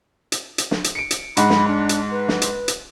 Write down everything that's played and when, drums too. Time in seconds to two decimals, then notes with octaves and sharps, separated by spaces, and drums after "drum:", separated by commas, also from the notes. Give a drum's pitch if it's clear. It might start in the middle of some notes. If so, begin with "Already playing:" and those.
0.32 drum: hi-hat
0.58 drum: hi-hat
0.71 drum: snare
0.84 drum: hi-hat
0.95 C#7 D7
1.11 drum: hi-hat
1.37 G#2 G#3 F#5 B5, drum: hi-hat
1.50 drum: snare
1.68 D4
1.89 drum: hi-hat
2.11 B4
2.28 drum: snare
2.42 drum: hi-hat
2.68 drum: hi-hat